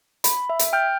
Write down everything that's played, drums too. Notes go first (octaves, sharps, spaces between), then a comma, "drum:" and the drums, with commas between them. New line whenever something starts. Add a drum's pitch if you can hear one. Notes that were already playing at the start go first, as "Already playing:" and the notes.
B5, drum: hi-hat
E5
drum: hi-hat
G5 F6 G6